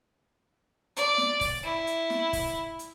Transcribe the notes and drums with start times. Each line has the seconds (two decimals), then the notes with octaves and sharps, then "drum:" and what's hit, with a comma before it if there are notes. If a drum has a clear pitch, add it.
0.96 D5, drum: hi-hat
1.18 drum: snare
1.41 drum: kick, open hi-hat
1.64 E4
1.87 drum: hi-hat
2.10 drum: snare
2.33 drum: kick, open hi-hat
2.79 drum: hi-hat